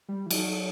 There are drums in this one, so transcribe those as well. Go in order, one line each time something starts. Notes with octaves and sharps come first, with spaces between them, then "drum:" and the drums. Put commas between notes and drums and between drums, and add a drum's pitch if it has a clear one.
G3
E3
F#3, drum: cymbal